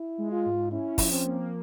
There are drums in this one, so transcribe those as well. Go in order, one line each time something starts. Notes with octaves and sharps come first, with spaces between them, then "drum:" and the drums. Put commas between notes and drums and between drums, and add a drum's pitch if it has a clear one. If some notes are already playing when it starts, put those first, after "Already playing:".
Already playing: E4
G#3
F4
G#2
C#4 E4
F3, drum: kick, open hi-hat
C4
A#3